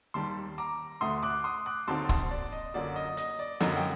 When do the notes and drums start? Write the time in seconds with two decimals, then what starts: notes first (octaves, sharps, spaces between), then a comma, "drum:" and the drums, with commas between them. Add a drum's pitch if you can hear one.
0.14 D#2 D#3 G3 A5 C6
0.58 A#5 D6
1.01 D2 D3 A3 C6 D#6
1.23 D6 F#6
1.44 C6 D#6
1.66 D6 F#6
1.87 D#2 D3 F#3 C4 D#4 A5 C6
2.09 A5 C6, drum: kick
2.31 D5
2.52 D#5
2.74 F#2 D3 F#3 A#3 D5
2.96 D#5
3.17 D#5, drum: hi-hat
3.39 D5
3.61 F#2 D3 F#3 A#3 D#5, drum: snare
3.76 G5